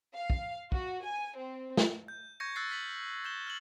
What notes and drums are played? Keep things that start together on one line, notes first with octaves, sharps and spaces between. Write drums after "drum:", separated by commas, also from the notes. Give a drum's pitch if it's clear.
F5
drum: kick
F#4, drum: kick
G#5
C4
drum: snare
G6
C#6 G6 G#6 A#6 C#7
E6 F#6 A6 C7
F6 B6 F#7
G6 E7 G7
F6 F#7